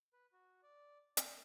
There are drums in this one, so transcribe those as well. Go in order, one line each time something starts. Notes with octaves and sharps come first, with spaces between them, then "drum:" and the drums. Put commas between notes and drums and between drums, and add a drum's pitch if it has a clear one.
B4
F#4
D5
D4, drum: hi-hat